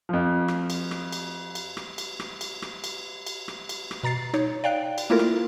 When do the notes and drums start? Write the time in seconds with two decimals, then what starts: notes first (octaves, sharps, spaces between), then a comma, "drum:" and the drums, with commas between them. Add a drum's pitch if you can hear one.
0.09 F2 F3
0.48 drum: rim click
0.70 drum: cymbal
0.91 drum: rim click
1.13 drum: cymbal
1.55 drum: cymbal
1.77 drum: rim click
1.98 drum: cymbal
2.20 drum: rim click
2.41 drum: cymbal
2.62 drum: rim click
2.84 drum: cymbal
3.27 drum: cymbal
3.48 drum: rim click
3.69 drum: cymbal
3.91 drum: rim click
4.03 B2 A#5 A6 C7
4.34 D#4 C#5, drum: rim click
4.64 D5 F5 G5 F#6 D7
4.98 drum: cymbal
5.10 A3 A#3 E4 F4 A4 A#4
5.19 drum: rim click